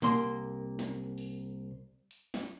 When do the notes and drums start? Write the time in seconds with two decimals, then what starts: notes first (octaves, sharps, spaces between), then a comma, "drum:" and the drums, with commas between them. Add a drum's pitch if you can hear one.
0.02 C2 A#3 C6, drum: snare
0.79 drum: snare
1.18 drum: open hi-hat
2.11 drum: hi-hat
2.34 drum: snare